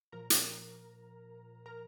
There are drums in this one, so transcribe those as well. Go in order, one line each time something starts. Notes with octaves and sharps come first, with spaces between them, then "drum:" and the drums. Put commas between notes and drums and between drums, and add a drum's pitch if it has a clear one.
A#2 F3 A#4 A#5
drum: hi-hat
A#4 A#5